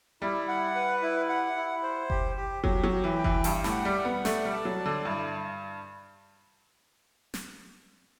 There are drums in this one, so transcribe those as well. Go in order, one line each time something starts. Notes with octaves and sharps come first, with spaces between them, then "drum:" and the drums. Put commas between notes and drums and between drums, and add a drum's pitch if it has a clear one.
G3 E4
F#5
B4
E4
F#5
E4
C5
G4, drum: kick F#1
G4
F#3 G4, drum: kick F#1
F#3
G4
E3
G5
E3, drum: kick F#1
G2 G4, drum: open hi-hat
A2, drum: snare
F#5
G3
F#5
B3
A3 D5, drum: snare
G3
A5
F#3
D5
D3
G2 E4
drum: snare